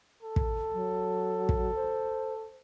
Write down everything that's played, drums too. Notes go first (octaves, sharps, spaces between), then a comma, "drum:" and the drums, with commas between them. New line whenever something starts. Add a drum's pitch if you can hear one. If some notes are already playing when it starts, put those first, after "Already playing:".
A4
drum: kick
F#3
drum: kick
C5